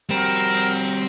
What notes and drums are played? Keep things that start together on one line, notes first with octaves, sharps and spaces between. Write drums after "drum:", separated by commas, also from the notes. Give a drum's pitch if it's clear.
G3 C4 F#4 A#4
drum: cymbal